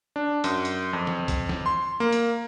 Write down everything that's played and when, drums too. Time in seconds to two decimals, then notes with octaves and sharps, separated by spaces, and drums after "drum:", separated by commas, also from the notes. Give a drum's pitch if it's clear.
0.16 D4
0.44 F#2, drum: hi-hat
0.65 drum: hi-hat
0.93 F2
1.07 drum: snare
1.28 drum: kick, hi-hat
1.49 drum: snare
1.66 C6
2.00 A#3
2.13 drum: hi-hat